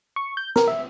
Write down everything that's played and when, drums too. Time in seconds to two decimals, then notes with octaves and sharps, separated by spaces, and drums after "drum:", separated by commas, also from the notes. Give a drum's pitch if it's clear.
0.16 C#6
0.37 G6
0.56 A#4, drum: snare
0.68 E5